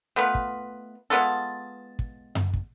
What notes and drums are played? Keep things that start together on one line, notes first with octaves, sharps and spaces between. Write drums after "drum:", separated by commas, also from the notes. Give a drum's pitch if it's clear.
A3 B3 F4 B4
drum: kick
G#3 B3 F4 A4
drum: kick
drum: tom F#2
drum: kick